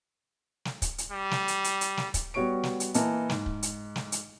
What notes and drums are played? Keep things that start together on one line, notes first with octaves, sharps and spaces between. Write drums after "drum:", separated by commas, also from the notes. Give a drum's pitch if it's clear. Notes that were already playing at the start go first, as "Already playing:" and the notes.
drum: snare
drum: kick, hi-hat
drum: hi-hat
G3
drum: snare
drum: hi-hat
drum: hi-hat
drum: hi-hat
drum: snare
drum: kick, hi-hat
G3 B3 F#4 C#5 C#6 D7
drum: snare
drum: hi-hat
E3 A#3 D#5 A5, drum: hi-hat
G#2, drum: snare
drum: kick
drum: hi-hat
drum: snare
drum: hi-hat